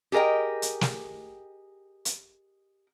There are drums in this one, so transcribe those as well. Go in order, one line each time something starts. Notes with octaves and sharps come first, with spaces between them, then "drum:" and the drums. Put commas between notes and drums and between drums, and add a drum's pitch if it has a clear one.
G4 G#4 A#4 D#5 G5
drum: hi-hat
drum: snare
drum: hi-hat